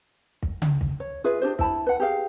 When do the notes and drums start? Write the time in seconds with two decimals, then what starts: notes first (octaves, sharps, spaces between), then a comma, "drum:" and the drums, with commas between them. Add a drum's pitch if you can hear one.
0.43 drum: kick
0.62 drum: tom C#3
0.81 drum: kick
1.00 C#5
1.24 F4 G#4 B4 E5
1.42 D4 G4 C5
1.59 E4 A5 B5, drum: kick
1.87 B4 F#5
2.00 G4 G#4 F5